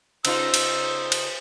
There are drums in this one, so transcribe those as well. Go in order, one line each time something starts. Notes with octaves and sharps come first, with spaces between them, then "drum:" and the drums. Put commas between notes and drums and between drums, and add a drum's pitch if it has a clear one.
C#3 D#4 F4 C5 E6, drum: cymbal
drum: cymbal
drum: cymbal